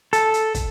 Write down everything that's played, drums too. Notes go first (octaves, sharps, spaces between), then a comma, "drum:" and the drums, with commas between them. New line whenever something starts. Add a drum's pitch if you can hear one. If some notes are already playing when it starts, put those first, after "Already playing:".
A4, drum: hi-hat
drum: hi-hat
drum: kick, hi-hat